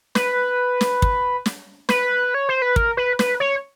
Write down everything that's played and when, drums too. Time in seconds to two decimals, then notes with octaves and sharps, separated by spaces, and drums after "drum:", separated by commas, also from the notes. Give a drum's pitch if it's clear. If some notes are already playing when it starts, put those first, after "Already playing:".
0.15 B4, drum: snare
0.81 drum: snare
1.02 drum: kick
1.46 drum: snare
1.89 B4, drum: snare
2.34 C#5
2.49 C5
2.62 B4
2.76 A#4, drum: kick
2.97 B4
3.19 B4, drum: snare
3.40 C#5